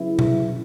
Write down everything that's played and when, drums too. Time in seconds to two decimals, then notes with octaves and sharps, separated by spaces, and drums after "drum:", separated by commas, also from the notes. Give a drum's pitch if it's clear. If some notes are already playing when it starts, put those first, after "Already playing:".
Already playing: C#3 F#3 B3 E4
0.19 drum: tom B2